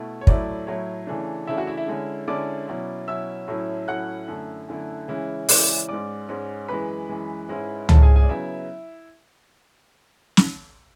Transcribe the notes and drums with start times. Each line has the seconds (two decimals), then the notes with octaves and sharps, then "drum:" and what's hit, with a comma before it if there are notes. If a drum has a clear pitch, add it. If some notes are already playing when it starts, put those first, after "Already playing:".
Already playing: B2 A3 E4
0.21 C#5
0.27 A2 F#3 A3 E4 D5, drum: kick
0.67 A2 F#3 A3 E4 C#5
1.07 C#3 E3 A3 D4
1.47 C#3 E3 A3 D4 E4 E5
1.57 F#4 F#5
1.67 E4 E5
1.77 E4 E5
1.88 D3 G#3 C#4 E4
2.28 D3 G#3 C#4 E4 D5 D6
2.68 B2 F#3 C#4 E4
3.08 B2 F#3 C#4 E4 E5 E6
3.48 A2 F#3 A3 C#4 E4
3.88 A2 F#3 A3 C#4 E4 F#5 F#6
4.28 F#2 D3 A3 E4
4.68 F#2 D3 A3 E4
5.08 C#3 E3 G#3 C#4 E4
5.49 C#3 E3 G#3 C#4 E4 D5 D6, drum: open hi-hat
5.88 G#2 G#3 C#4 D5 D6
6.29 G#2 G#3 C#4
6.68 F#2 E3 G#3 B4 B5
7.09 F#2 E3 G#3
7.49 G#2 G#3 C#4 E4
7.89 G#2 G#3 C#4 E4 A4 A5, drum: tom C#2
8.02 G#4 G#5
8.16 G#4 G#5
8.22 D5
8.29 C#3 F#3 B3 E4 E5
10.37 drum: snare